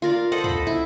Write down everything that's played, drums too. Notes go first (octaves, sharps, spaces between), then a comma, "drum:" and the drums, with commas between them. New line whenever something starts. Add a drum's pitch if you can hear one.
F4 A#4 D5
A4 C5 D#5 F#5
B5, drum: tom
E4